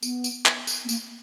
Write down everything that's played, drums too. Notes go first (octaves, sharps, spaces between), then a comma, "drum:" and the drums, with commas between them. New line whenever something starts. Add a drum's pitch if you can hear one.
B3, drum: tambourine
drum: tambourine
drum: clap
drum: tambourine
B3
A#3, drum: tambourine